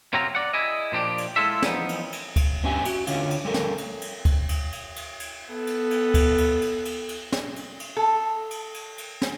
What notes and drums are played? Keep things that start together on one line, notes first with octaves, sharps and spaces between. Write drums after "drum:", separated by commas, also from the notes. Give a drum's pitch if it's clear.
F#2 C3 F#3 C4 F4 A#5
D5 F#5
E4 G#4 D#5
A#2 F3 D4 G4
drum: cymbal
G#3 E4 F4 A4 E5
E3 F3 B3 D#4, drum: snare
drum: cymbal
drum: cymbal
drum: kick D2, cymbal
G2 B3 C#4 G4 E5 G#5
F#4, drum: cymbal
D3 C#4 F4, drum: cymbal
drum: cymbal
G3 A4 A#4
drum: snare
drum: cymbal
drum: cymbal
drum: kick D2, cymbal
drum: cymbal
drum: cymbal
drum: cymbal
drum: cymbal
B3 A4
drum: cymbal
drum: cymbal
drum: kick D2, cymbal
drum: cymbal
drum: cymbal
drum: cymbal
drum: cymbal
drum: snare
drum: cymbal
drum: cymbal
A4
drum: cymbal
drum: cymbal
drum: cymbal
drum: snare